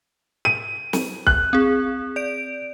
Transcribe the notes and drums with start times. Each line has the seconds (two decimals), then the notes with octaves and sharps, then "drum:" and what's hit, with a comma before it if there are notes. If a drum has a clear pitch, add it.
0.45 D#7
0.93 drum: snare
1.27 F#6, drum: kick B1
1.53 C4 G#4
2.16 D5 D7